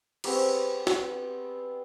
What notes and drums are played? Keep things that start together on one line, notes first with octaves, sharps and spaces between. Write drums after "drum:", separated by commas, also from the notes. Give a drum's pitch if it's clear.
G3 B3 C4 G#4, drum: cymbal
drum: snare